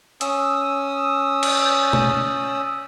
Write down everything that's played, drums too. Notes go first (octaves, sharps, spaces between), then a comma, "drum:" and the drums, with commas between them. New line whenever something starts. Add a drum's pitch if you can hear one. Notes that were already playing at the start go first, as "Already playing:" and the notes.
C#4 D#6 E6, drum: hi-hat
drum: cymbal
drum: tom